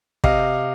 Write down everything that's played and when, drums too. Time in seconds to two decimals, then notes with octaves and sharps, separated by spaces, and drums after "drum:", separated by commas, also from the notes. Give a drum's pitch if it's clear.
0.24 C3 D#5 F5, drum: kick